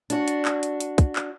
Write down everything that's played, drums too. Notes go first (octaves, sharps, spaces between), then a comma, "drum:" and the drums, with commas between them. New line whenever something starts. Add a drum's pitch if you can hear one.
D4 F#4, drum: hi-hat
drum: hi-hat
drum: clap
drum: hi-hat
drum: hi-hat
drum: kick, hi-hat
drum: clap